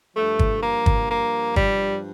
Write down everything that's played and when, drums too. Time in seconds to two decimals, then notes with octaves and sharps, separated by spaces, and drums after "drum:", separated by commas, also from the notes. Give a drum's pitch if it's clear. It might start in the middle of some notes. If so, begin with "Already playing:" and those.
0.15 G2 F3 A3
0.39 drum: kick
0.63 A#3
0.86 drum: kick
1.10 A#3
1.56 G3, drum: kick